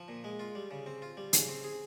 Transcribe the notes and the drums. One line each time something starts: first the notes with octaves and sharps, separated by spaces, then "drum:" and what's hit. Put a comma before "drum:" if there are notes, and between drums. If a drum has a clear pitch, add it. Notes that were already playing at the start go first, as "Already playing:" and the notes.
Already playing: F3
A#2
G#3
F4
G3
C#3
C4
F4
G3
C#3, drum: hi-hat
C4
G#4